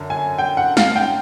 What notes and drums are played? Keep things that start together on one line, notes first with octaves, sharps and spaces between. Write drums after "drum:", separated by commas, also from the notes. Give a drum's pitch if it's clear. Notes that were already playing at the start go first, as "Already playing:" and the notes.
Already playing: F#2 D3
G#5
G5
F#5
F5, drum: snare
G5